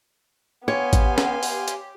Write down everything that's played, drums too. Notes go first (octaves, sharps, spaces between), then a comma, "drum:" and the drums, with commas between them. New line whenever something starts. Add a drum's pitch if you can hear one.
B3 G4 C#5 F5 G#5 C6
drum: kick G#1, hi-hat
drum: snare
drum: open hi-hat
drum: hi-hat